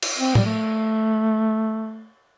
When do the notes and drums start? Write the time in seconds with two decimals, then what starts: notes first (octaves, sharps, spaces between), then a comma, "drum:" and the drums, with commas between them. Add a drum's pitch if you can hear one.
0.03 drum: cymbal
0.19 C4
0.35 G3, drum: tom A2
0.45 A3